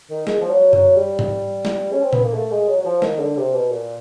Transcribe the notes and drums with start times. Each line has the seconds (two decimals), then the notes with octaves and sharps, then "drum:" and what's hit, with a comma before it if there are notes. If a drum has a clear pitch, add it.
0.10 D#3
0.27 G#3, drum: snare
0.41 F3
0.50 F#3
0.73 F#3, drum: tom F#2
0.96 G3
1.19 drum: tom G#2
1.65 drum: snare
1.92 C#4
2.02 C4
2.13 B3, drum: tom A#2
2.23 A#3
2.34 A3
2.51 G#3
2.68 F#3
2.80 F#3
2.85 F3
3.02 D#3, drum: snare
3.20 D3
3.37 C3
3.54 B2
3.71 A#2